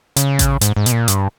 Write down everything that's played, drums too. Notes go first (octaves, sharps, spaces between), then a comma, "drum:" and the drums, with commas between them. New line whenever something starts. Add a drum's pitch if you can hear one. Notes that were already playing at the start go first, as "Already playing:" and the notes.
C#3, drum: hi-hat
drum: kick A1, hi-hat
G#2, drum: hi-hat
G#2
B2, drum: hi-hat
A#2
G2, drum: hi-hat